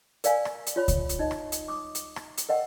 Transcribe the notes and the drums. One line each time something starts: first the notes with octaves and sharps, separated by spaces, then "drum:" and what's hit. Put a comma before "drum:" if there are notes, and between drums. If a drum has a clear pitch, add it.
A#4 D5 F5 G#5, drum: hi-hat
drum: rim click
drum: hi-hat
F4 C#5 B5
drum: kick C#2, hi-hat
drum: hi-hat
D#4 D#5
drum: rim click
drum: hi-hat
D6 D#6
drum: hi-hat
drum: rim click
drum: hi-hat
A#4 D#5 F#5 G5